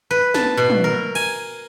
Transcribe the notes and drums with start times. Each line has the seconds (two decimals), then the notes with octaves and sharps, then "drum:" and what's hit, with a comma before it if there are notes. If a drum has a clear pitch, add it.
0.11 B4
0.34 A5, drum: snare
0.57 B2
0.70 drum: tom
0.84 A#4
1.15 G#5, drum: cymbal